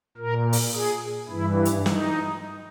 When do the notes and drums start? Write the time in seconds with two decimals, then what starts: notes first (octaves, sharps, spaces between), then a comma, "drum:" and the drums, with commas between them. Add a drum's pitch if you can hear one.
0.17 A#2 A#4
0.53 drum: open hi-hat
0.74 G#4
1.29 G2 E3 E4
1.65 drum: hi-hat
1.86 D#4, drum: snare